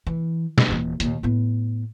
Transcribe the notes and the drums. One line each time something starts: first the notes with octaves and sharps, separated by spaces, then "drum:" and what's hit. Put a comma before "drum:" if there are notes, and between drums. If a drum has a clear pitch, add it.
E3
drum: snare
D#1 E3
D#2 A#2, drum: hi-hat
A2 B3